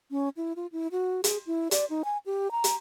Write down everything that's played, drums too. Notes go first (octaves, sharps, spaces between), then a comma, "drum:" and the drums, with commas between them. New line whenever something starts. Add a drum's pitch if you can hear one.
C#4
E4
F4
E4
F#4
G#4, drum: hi-hat
E4
D5, drum: hi-hat
D#4
G#5
G4
A#5
drum: hi-hat